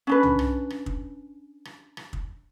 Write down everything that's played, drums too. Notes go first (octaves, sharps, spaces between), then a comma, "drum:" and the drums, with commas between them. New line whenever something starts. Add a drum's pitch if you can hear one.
C#4 D4 B4
drum: tom
drum: rim click
drum: rim click
drum: kick
drum: rim click
drum: rim click
drum: kick